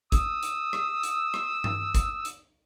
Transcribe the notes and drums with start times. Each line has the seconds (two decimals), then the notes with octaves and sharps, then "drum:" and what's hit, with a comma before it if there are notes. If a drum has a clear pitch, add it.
0.12 D#6 E6, drum: kick, hi-hat
0.43 drum: hi-hat
0.73 drum: rim click
1.03 drum: hi-hat
1.34 drum: rim click
1.64 drum: tom G2
1.95 drum: kick, hi-hat
2.25 drum: hi-hat